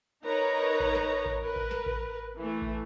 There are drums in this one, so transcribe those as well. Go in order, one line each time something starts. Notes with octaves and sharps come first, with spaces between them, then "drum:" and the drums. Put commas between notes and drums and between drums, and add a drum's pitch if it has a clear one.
D#4 A#4 B4 C#5 A#5
drum: kick A1
drum: snare
drum: kick A1
A#4 B4
drum: kick A1
drum: snare
drum: kick A1
E3 A3
drum: kick A1